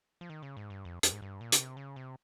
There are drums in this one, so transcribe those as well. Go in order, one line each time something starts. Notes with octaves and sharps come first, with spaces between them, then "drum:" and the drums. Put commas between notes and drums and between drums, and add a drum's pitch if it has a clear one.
F3
D#3
C#3
G#2
G2
F2
F2, drum: hi-hat
G#2
G2
A#2
C#3, drum: hi-hat
C3
C#3
C3